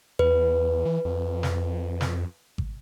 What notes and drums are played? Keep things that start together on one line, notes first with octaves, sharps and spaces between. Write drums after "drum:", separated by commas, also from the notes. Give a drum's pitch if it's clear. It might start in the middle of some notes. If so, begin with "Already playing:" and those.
E2 B4
E3
F2
drum: snare
drum: snare
drum: kick G#1